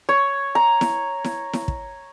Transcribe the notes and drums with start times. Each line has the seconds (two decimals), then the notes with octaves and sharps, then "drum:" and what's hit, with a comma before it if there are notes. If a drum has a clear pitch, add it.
0.09 C#5
0.55 A#5
0.81 drum: snare E4
1.24 drum: snare E4
1.53 drum: snare E4
1.68 drum: kick